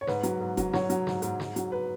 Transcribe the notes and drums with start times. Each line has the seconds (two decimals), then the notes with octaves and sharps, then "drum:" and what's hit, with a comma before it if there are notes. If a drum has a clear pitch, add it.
0.01 C#5
0.07 G#2 B4, drum: snare
0.23 F#3, drum: hi-hat
0.41 G#2
0.57 F#3, drum: kick F1, hi-hat
0.73 F#3 C#5, drum: snare
0.90 F#3, drum: hi-hat
1.07 G#2, drum: snare
1.22 G#2, drum: hi-hat
1.40 G#2, drum: snare
1.56 F#3, drum: hi-hat
1.72 B4